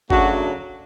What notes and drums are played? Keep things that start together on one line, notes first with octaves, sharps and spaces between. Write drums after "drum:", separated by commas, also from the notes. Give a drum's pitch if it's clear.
F#2 C#3 F#3 A3 D4 F#4, drum: kick